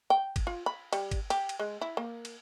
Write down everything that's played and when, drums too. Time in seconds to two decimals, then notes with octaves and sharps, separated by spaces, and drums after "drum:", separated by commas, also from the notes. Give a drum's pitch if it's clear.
0.10 G5
0.36 drum: kick, cymbal
0.47 F4
0.66 B5
0.93 G3, drum: cymbal
1.11 drum: kick, cymbal
1.30 G4, drum: cymbal
1.49 drum: cymbal
1.59 G#3
1.81 E4
1.97 A#3
2.25 drum: cymbal